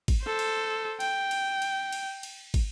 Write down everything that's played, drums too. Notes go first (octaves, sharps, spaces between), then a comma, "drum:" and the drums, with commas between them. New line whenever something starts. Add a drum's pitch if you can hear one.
drum: kick, cymbal
A4 C5
drum: cymbal
G5, drum: cymbal
drum: cymbal
drum: cymbal
drum: cymbal
drum: cymbal
drum: kick, cymbal